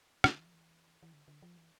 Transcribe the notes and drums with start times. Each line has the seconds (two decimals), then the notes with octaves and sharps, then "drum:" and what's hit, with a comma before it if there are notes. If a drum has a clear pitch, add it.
0.24 D3, drum: rim click
0.39 E3
0.47 F3
0.53 E3
1.03 E3
1.13 D3
1.28 D3
1.42 F3
1.57 E3